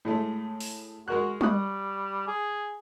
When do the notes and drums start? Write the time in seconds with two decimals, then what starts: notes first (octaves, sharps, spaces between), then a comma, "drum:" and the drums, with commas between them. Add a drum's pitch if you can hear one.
0.05 A2 G#3 A3
0.60 drum: open hi-hat
1.08 G#3 F#4 A#4 F#6
1.41 G3 C#6 D#6 F#6, drum: tom G3
2.27 G#4